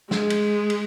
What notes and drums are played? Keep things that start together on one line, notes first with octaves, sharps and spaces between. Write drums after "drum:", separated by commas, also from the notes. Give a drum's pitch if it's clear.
G#3, drum: snare
drum: cymbal
drum: cymbal